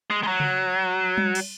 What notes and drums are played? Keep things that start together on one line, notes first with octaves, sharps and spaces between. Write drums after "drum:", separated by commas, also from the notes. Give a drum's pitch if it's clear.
G#3
G#3
F#3
drum: tom C#3
drum: tom G3
drum: cymbal